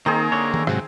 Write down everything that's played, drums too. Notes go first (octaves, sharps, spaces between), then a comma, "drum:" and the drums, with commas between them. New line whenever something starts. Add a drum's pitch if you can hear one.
D#3 A#3 C4 D#4 G#4
D3 C#5
drum: tom D#3
G#2 C3 F#3, drum: rim click